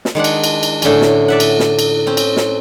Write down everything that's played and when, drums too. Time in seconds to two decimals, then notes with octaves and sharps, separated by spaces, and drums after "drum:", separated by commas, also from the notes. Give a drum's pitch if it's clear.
0.05 drum: snare
0.15 D#3 G#3 D4 F#5
0.24 drum: cymbal
0.44 drum: cymbal
0.63 drum: cymbal
0.82 A2 D3 C#4 G#5, drum: cymbal
1.01 drum: snare
1.28 D5 E5 F#5
1.40 drum: cymbal
1.59 drum: snare
1.79 drum: cymbal
2.07 C4 C#4
2.17 drum: cymbal
2.37 drum: snare